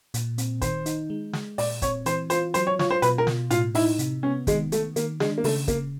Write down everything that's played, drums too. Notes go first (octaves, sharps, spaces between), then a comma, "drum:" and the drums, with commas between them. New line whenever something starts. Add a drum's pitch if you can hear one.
A#2, drum: hi-hat
C4, drum: hi-hat
D#3 C5, drum: kick, hi-hat
D#4, drum: hi-hat
G#3
G#3, drum: snare
A#2 D5, drum: open hi-hat
C4 C#5, drum: kick, hi-hat
E3 C5, drum: hi-hat
F4 C5, drum: hi-hat
F#3 C5, drum: hi-hat
C#5
F4 C#5, drum: snare
C5
B2 B4, drum: hi-hat
A#4
B2, drum: snare
A2 F4, drum: hi-hat
D#4 E4, drum: open hi-hat
C3, drum: hi-hat
B3 C#4
D#3 G#3, drum: kick, hi-hat
D#3 A3, drum: hi-hat
D#3 A#3, drum: hi-hat
G#3 D4, drum: snare
A#3
C#3 A3, drum: open hi-hat
C#3 A#3, drum: kick, hi-hat